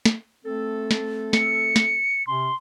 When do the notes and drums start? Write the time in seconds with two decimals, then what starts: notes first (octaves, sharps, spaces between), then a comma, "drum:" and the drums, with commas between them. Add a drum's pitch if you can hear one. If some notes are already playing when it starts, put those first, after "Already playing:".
0.05 drum: snare
0.44 A3 C4 A4
0.91 drum: snare
1.33 C#7, drum: snare
1.76 drum: snare
2.27 C3 C#4 C6